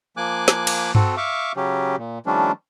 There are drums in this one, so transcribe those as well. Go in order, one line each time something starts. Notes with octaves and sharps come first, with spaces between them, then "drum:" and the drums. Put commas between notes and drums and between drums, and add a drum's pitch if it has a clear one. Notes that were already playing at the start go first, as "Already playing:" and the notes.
F3 A#3 G#5 D6 F#6
drum: snare
drum: cymbal
C4 F#4 A4, drum: tom G2
E5 F5 C#6 D6
C#3 F#3 C#4 G4
A#2
D#3 F3 G3 A3 C#4 D4